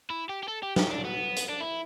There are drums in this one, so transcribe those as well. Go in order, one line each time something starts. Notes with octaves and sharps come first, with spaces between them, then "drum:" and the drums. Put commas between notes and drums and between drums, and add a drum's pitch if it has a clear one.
E4
G4
G4
A4
G4
G4, drum: snare
D4
B3
drum: hi-hat
D4
E4